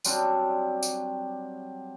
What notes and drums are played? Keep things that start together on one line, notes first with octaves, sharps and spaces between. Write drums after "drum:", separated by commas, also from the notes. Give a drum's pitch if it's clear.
F#3 G3 C4 D4, drum: tambourine
drum: tambourine